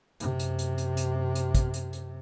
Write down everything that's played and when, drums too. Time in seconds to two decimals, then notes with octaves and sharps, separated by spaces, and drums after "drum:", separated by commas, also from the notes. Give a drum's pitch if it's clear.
0.20 F#2 C3, drum: hi-hat
0.39 drum: hi-hat
0.59 drum: hi-hat
0.78 drum: hi-hat
0.97 drum: hi-hat
1.35 drum: hi-hat
1.55 drum: kick, hi-hat
1.74 drum: hi-hat
1.93 drum: hi-hat